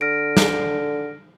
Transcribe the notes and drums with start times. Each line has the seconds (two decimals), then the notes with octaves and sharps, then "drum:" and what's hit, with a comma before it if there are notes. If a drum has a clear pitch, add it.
0.01 D3 F6 A#6 D7
0.37 drum: snare